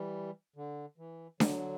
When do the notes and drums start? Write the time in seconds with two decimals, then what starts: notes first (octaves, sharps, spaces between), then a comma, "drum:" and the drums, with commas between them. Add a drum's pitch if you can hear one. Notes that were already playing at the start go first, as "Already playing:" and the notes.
Already playing: E3 G3
0.56 D3
0.98 E3
1.40 D3 F#3, drum: snare D4